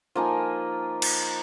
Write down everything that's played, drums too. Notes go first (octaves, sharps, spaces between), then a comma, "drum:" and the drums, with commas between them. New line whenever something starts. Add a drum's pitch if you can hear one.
F3 A#3 D#4 G#5
drum: cymbal